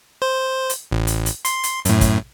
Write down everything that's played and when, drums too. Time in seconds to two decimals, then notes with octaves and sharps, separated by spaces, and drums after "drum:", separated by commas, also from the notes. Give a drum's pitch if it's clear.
0.22 C5
0.70 drum: hi-hat
0.91 A1
1.07 drum: hi-hat
1.26 drum: hi-hat
1.45 C6, drum: hi-hat
1.63 drum: hi-hat
1.85 F#2 A2, drum: hi-hat
2.01 drum: kick, hi-hat